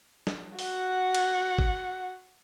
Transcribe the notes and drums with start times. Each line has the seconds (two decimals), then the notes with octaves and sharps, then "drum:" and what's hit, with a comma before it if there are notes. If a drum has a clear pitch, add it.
0.27 drum: snare
0.59 F#4 F#5, drum: open hi-hat
1.15 drum: cymbal
1.59 drum: kick